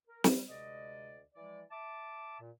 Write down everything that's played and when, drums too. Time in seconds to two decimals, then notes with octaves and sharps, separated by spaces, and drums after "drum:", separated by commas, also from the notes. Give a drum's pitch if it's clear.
0.07 A#4
0.24 G3, drum: snare
0.48 D2 C3 G#3 D5 D#5
1.34 E3 F3 G#3 D5
1.70 E5 A5 D6
2.39 A#2